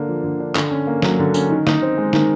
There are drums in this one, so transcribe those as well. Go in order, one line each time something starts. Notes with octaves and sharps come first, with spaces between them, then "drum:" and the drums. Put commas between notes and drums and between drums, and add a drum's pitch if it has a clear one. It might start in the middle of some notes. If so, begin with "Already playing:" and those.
Already playing: D3 A#3 D4
F3
D3
D4
D3, drum: clap
C#4
A#3
F#3, drum: snare
D3
C#4, drum: tambourine
D#3
D#4, drum: snare
C4
G#3
D#3, drum: snare